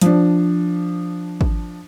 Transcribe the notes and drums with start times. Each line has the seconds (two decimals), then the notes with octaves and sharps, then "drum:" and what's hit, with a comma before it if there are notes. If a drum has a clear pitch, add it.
0.01 F3 D4, drum: hi-hat
1.41 drum: kick G#1